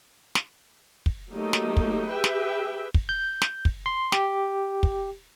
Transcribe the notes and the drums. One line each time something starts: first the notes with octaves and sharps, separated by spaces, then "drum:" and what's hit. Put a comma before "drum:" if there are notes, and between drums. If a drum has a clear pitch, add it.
drum: snare
drum: kick
F#3 A3 A#3 D#4 G4
drum: snare
drum: kick
G4 G#4 B4 E5 G5
drum: snare
drum: kick
G6
drum: snare
drum: kick
C6
G4, drum: snare
drum: kick